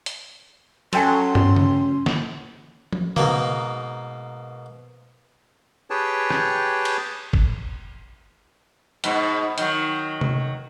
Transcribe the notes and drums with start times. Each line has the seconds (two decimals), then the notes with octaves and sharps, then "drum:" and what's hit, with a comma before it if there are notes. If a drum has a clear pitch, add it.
0.06 drum: hi-hat
0.93 F#3 C#4 A4 G5 G#5 C6, drum: cymbal
1.35 drum: tom
1.56 drum: tom C#3
2.06 drum: snare
2.93 drum: tom F3
3.16 G#2 B2 A#3, drum: tom C#3
5.90 G4 G#4 B4 C#5 G5 A5
6.30 drum: rim click
6.85 drum: cymbal
7.33 drum: kick
9.04 G#2 B2, drum: hi-hat
9.58 D#3 F#3, drum: hi-hat
10.21 drum: tom C3